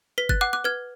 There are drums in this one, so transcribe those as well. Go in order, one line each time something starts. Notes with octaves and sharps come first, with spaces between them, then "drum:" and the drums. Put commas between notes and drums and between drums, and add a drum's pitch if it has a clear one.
B4 B6
F#6 A6, drum: kick G1
F#5 D6 F#6
D6 F#6
B4 F6 G#6